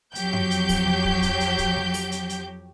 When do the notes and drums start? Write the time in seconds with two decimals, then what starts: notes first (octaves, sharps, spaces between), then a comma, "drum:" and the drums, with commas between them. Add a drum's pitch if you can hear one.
0.15 F2 F#3 G4 G6, drum: hi-hat
0.33 drum: tom F#2
0.51 drum: hi-hat
0.69 drum: kick, open hi-hat
0.87 drum: snare G3
1.04 drum: kick
1.22 drum: kick, hi-hat
1.40 drum: hi-hat
1.58 drum: kick, hi-hat
1.76 drum: snare G3
1.94 drum: open hi-hat
2.12 drum: hi-hat
2.29 drum: hi-hat